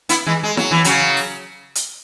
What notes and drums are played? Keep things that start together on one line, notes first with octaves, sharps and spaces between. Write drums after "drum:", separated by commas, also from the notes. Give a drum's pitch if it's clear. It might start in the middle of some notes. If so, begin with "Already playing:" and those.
B3 E4, drum: hi-hat
E3 G#3
G#3
F#3, drum: snare E4
E3
C#3 F#3, drum: hi-hat
drum: open hi-hat
drum: hi-hat